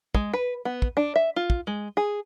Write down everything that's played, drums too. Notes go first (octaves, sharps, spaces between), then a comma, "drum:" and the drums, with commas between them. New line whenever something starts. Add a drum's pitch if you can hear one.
G#3, drum: kick
B4
B3
drum: kick
D4
E5
F4
drum: kick
G#3
G#4